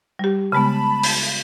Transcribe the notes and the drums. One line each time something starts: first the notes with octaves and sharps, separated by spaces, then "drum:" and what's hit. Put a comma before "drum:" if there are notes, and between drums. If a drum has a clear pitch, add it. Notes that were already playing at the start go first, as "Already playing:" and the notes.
G3 G4
C#3 G#3 B3 A5 B5
drum: open hi-hat